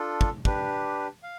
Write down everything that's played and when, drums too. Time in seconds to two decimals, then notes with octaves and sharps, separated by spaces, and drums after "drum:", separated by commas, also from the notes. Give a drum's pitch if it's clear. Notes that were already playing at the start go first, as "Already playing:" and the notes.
Already playing: D4 F4 A4
0.21 drum: kick
0.45 D4 G4 B4, drum: kick
1.23 F5